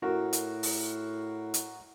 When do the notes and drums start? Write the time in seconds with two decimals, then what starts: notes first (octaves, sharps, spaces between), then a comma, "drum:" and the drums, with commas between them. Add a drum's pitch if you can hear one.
0.02 A2 F#4 A#4
0.33 drum: hi-hat
0.63 drum: open hi-hat
1.54 drum: hi-hat